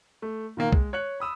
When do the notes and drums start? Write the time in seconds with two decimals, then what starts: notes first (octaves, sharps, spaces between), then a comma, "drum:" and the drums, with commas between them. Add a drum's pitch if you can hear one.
0.22 A3
0.57 A#2 D#3 A#3
0.72 G#3, drum: kick
0.93 C#5 F#6 C#7 F#7
1.20 B5 D#6 E6